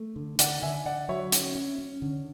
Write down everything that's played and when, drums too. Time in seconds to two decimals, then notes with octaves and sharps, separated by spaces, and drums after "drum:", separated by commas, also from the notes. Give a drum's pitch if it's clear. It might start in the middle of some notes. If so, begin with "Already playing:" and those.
Already playing: A3
0.16 D3
0.39 D3 D5 F#5, drum: hi-hat
0.62 D3 E5 G#5
0.86 D3 D5 F#5
1.09 F#3 C#5 E5
1.32 C#4, drum: hi-hat
1.55 C#4
1.78 C#4
2.02 D3